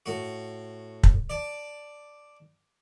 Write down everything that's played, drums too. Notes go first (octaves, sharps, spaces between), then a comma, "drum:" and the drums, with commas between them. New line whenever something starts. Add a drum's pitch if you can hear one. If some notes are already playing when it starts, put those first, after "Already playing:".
A2 F#4
drum: kick
D5 A5